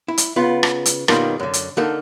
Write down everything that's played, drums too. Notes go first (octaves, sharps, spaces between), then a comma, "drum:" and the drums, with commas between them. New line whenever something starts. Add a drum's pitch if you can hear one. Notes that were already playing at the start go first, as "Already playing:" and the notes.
E4
drum: hi-hat
C#3 B3 F4
drum: rim click
drum: hi-hat
F#2 B2 D#3 G3 A#3 F4, drum: rim click
F#2 D3
drum: hi-hat
D3 A#3 D#4 A4 A#4